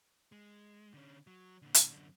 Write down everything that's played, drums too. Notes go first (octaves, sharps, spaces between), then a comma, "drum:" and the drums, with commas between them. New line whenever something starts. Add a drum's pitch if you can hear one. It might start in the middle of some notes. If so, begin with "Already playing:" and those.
G#3
D3 C#4
F#3
A#2 D3
drum: hi-hat
F#2 D3